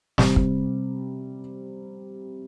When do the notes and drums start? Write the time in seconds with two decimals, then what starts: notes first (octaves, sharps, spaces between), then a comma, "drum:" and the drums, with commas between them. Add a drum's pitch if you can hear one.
0.18 C3 G3 C4, drum: snare
0.36 drum: kick